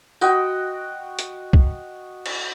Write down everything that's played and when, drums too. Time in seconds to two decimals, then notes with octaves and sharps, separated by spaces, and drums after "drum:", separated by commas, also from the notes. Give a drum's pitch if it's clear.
0.21 F#4 D#5 G5, drum: tambourine
1.19 drum: hi-hat
1.53 drum: kick
2.26 drum: cymbal